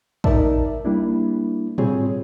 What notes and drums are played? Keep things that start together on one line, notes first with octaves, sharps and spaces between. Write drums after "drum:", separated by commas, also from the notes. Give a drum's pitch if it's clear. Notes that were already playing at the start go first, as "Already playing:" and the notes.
D#4 A#4 D5 E5 A5, drum: kick
G3 A#3 D4 E4
G3 C4 F4 G#4 C#5, drum: tom